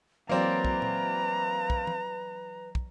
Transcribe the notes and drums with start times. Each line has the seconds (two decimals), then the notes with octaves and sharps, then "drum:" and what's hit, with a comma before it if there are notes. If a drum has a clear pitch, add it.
0.29 E3 F#3 A#3 C4 B4 D5 A#5
0.65 drum: kick
0.82 drum: tom A#2
1.70 drum: kick
1.87 drum: tom E3
2.75 drum: kick